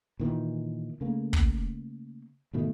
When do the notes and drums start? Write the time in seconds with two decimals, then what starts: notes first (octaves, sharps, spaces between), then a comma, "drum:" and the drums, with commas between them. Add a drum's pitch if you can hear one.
0.19 A#2 D#3 E3
1.01 C#3 A3 A#3
1.33 drum: kick
2.53 G#2 B2 D#3 A3